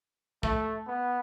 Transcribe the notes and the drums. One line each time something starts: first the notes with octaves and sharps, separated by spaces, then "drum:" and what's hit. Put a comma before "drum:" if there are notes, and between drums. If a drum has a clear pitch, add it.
A3, drum: kick
B3